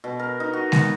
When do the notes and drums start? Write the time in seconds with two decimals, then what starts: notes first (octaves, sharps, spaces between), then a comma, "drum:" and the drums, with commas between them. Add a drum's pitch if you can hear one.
0.04 B2
0.19 A#4
0.40 D#4
0.53 F#4
0.72 B3, drum: snare G#3